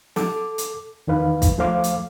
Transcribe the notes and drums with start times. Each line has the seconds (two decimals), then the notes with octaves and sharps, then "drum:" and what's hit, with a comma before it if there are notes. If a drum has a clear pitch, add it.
0.16 A4 D6, drum: snare
0.58 drum: hi-hat
1.07 E2 D#3 B4 F5
1.42 drum: kick, hi-hat
1.57 D2 F3 A3 C5 F5 D6
1.84 drum: hi-hat